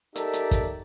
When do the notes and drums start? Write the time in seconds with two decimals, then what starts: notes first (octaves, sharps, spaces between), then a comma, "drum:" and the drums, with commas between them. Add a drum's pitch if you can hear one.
0.16 D#4 G4 A4 A#4 D5 E5, drum: hi-hat
0.33 drum: hi-hat
0.51 drum: kick, hi-hat